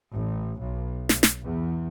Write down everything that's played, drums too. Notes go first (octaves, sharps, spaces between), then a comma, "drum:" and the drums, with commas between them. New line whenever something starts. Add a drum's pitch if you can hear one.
A1
B1
drum: snare
drum: snare
E2